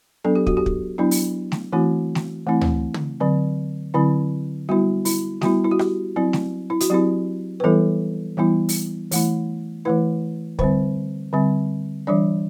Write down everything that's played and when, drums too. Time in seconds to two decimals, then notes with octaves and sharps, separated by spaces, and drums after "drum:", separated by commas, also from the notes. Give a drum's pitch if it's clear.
0.25 F#3 B3 D4 A4
0.35 G4
0.47 F#4, drum: kick
0.57 G4
0.66 drum: kick
0.98 F#3 B3 D4 E4
1.11 drum: open hi-hat
1.52 drum: snare A3
1.73 E3 A3 C4 E4 F#4
2.15 drum: snare A3
2.47 E3 A3 C4 E4
2.61 drum: tom D2
2.94 drum: tom
3.21 D3 F#3 C4
3.94 D3 F#3 C4 E4
4.69 G3 B3 E4 F#4
5.05 E4, drum: open hi-hat
5.42 G3 B3 E4 F#4, drum: snare A3
5.64 E4
5.71 F#4
5.79 G4, drum: rim click
6.16 F#3 C4 E4
6.33 drum: snare A3
6.70 E4
6.80 F#4, drum: hi-hat
6.90 F#3 C4 E4 G4
7.60 B4
7.64 E3 G3 B3 E4 A4
8.37 E3 G3 B3 E4
8.69 drum: open hi-hat
9.11 E3 A3 E4, drum: open hi-hat
9.85 E3 A3 E4 B4
10.59 D3 G3 C4 C5, drum: kick
11.33 D3 G3 C4
12.07 E3 G3 D4 D5